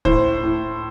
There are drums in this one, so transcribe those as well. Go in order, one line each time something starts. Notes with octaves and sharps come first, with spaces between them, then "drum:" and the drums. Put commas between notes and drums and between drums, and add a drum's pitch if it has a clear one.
A2 C5, drum: kick
A2